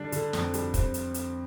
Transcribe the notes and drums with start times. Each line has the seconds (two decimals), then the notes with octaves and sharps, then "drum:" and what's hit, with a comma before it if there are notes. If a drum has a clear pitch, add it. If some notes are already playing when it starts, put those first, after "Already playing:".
Already playing: D3 G3 D4
0.12 D3, drum: hi-hat
0.33 F2, drum: snare
0.54 G3, drum: hi-hat
0.74 C4, drum: kick, hi-hat
0.94 drum: hi-hat
1.14 drum: hi-hat